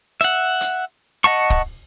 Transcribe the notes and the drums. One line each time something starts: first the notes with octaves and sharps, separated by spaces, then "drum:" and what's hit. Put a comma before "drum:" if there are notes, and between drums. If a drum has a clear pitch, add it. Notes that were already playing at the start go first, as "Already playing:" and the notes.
E5 F#5, drum: hi-hat
drum: hi-hat
D#5 F#5 A5 C#6
drum: kick